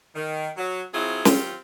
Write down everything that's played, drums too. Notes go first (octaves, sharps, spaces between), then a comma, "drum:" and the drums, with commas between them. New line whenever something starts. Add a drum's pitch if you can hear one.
D#3
F#3
F#3 C4 E4 F4 G#4
D#3 F#3 C4 F4 G4, drum: snare